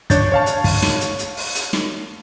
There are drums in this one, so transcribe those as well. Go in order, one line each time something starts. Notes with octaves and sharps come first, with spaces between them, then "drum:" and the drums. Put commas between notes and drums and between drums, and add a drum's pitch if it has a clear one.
D4 C#5 G6 A6, drum: kick, hi-hat
C#5 F5 A5
drum: hi-hat
drum: kick, open hi-hat
drum: snare
drum: hi-hat
drum: hi-hat
drum: open hi-hat
drum: hi-hat
drum: snare